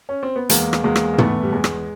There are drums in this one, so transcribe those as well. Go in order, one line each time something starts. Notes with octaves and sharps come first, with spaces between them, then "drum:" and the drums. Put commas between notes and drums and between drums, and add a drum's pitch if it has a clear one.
C#4
C4
B3
E2 G#3 A#3, drum: hi-hat
drum: rim click
E2 G#3 A#3
drum: rim click
A#3
E2 A3 B3, drum: tom
G3
E2 G#3
drum: rim click